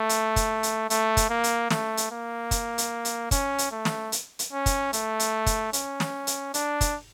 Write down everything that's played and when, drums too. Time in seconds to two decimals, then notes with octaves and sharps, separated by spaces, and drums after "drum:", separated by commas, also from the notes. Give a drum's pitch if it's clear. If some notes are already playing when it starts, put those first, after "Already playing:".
Already playing: A3
0.09 drum: hi-hat
0.36 drum: kick, hi-hat
0.63 drum: hi-hat
0.90 A3, drum: hi-hat
1.17 drum: kick, hi-hat
1.30 A#3
1.44 drum: hi-hat
1.70 A3, drum: snare
1.97 drum: hi-hat
2.11 A#3
2.51 drum: kick, hi-hat
2.78 drum: hi-hat
3.05 drum: hi-hat
3.31 C#4, drum: kick, hi-hat
3.58 drum: hi-hat
3.72 A3
3.85 drum: snare
4.12 drum: hi-hat
4.39 drum: hi-hat
4.53 C#4
4.66 drum: kick, hi-hat
4.93 A3, drum: hi-hat
5.20 drum: hi-hat
5.46 drum: kick, hi-hat
5.73 C#4, drum: hi-hat
6.00 drum: snare
6.27 drum: hi-hat
6.54 D4, drum: hi-hat
6.81 drum: kick, hi-hat